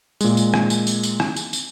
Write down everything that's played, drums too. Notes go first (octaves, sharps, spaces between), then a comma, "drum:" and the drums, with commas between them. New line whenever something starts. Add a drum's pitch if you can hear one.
A#2 G#3, drum: tambourine
drum: tambourine
drum: rim click
drum: tambourine
drum: tambourine
drum: tambourine
drum: rim click
drum: tambourine
drum: tambourine